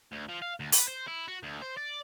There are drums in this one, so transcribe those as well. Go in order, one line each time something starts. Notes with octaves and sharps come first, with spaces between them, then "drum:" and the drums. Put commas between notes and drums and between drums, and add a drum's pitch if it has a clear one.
D2
F3
F5
D2
B4, drum: open hi-hat
C5
E4
F#4
D2
C5
D5